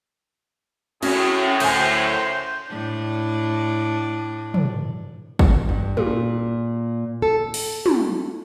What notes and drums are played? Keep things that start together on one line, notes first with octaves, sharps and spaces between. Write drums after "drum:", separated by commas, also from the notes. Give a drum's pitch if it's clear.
F#2 A2 C#4 F#4 G#4, drum: cymbal
D2 C5 G#5, drum: cymbal
A2 D4
drum: tom
drum: kick
G2
A#2, drum: tom
A4
drum: open hi-hat
drum: tom